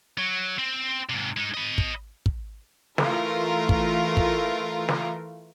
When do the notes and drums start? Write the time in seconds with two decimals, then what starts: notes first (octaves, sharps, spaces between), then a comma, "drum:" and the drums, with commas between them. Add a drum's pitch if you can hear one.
0.18 F#3
0.58 C4
1.09 G#2 C3
1.37 G#3 D#4
1.54 D#5 B5
1.78 drum: kick
2.26 drum: kick
2.98 E3 A3 F4 A#4, drum: snare
3.69 drum: kick
4.17 drum: kick
4.89 drum: snare